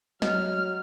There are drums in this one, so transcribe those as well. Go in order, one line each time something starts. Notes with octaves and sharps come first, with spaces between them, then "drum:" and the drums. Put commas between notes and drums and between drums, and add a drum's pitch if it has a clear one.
F#3 D#5 F6, drum: snare